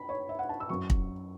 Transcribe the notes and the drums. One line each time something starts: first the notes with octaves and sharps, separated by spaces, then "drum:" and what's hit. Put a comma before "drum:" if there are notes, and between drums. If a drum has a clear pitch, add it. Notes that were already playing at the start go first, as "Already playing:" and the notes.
Already playing: B5
C#5
E5
F#5
A5
E6
F#2 F#3 C#6
drum: kick